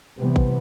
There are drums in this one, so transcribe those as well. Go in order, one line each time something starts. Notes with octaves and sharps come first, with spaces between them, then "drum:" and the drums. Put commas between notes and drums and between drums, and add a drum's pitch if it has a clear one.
C3 E3 G3 B3
drum: kick A1